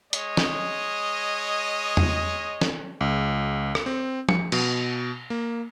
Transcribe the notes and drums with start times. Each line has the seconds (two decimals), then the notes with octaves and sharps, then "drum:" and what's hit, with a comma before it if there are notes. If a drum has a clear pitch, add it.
0.13 G#3 C#5 D#5, drum: hi-hat
0.37 drum: snare
1.97 drum: tom E2
2.61 drum: snare
3.01 C#2
3.75 drum: rim click
3.86 C4
4.29 C#7, drum: tom F3
4.52 B2, drum: cymbal
5.30 A#3